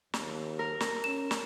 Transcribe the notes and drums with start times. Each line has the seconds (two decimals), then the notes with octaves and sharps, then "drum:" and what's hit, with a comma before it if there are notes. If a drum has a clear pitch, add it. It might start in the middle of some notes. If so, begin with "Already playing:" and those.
0.14 D#2, drum: snare
0.59 A#4
0.80 drum: snare
1.04 C#4 E7
1.31 drum: snare